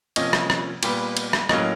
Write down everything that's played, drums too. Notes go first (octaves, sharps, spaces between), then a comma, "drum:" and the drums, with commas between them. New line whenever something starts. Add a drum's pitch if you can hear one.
C3 F3 A#3 C#4 D#5, drum: cymbal
drum: rim click
drum: rim click
A#2 G3 B3, drum: cymbal
drum: cymbal
drum: rim click
A2 F#3 A#3 C#4 D#5, drum: rim click